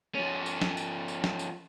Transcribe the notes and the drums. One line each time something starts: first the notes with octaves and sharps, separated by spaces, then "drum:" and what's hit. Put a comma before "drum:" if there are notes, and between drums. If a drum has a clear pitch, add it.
F3 C#4
drum: tambourine
drum: snare
drum: tambourine
drum: tambourine
drum: snare
drum: tambourine